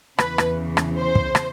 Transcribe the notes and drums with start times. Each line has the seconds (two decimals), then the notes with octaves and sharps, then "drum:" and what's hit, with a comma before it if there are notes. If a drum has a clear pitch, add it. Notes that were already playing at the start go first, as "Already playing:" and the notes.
0.18 E2 C#3 E3 B4, drum: rim click
0.38 drum: rim click
0.77 drum: rim click
0.96 C5
1.15 drum: kick
1.35 drum: rim click